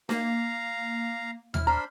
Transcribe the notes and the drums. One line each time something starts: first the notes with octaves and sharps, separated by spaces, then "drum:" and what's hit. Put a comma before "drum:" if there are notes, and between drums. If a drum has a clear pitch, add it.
A#3 F5 A#5, drum: snare
E4 F6, drum: tom D#2
D4 C5 A#5 B5